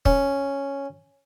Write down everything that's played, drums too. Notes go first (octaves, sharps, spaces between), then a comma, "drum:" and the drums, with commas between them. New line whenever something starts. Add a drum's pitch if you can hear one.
C#4, drum: kick